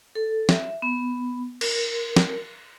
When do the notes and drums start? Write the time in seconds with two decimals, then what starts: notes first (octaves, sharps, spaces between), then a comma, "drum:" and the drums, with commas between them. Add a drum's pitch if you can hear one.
0.15 A4
0.49 E5, drum: snare
0.82 B3
1.61 A#4, drum: cymbal
2.16 drum: snare